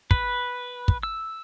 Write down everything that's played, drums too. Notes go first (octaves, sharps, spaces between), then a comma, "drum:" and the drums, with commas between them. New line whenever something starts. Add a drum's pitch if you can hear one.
B4, drum: kick
drum: kick
E6